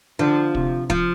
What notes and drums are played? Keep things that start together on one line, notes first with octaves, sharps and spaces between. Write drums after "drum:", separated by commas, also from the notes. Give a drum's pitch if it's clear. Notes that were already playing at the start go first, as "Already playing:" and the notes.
D3 F3
C3, drum: kick
F3, drum: kick